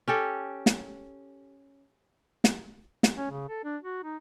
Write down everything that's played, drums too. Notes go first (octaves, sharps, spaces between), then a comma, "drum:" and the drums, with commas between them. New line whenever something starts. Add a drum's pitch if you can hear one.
C#4 G4 A4
drum: snare
drum: snare
drum: snare
C#4
C#3
A4
D4
F#4
D#4